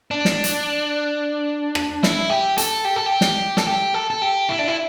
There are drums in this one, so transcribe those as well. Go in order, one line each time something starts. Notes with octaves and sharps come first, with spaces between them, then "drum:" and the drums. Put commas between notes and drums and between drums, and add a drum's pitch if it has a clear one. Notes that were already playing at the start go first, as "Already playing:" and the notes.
D4
drum: snare
drum: hi-hat
drum: rim click
E4, drum: snare
G4
A4, drum: hi-hat
G4
A4
G4
drum: snare
A4, drum: snare
G4
A4
A4
G4
E4
D4
E4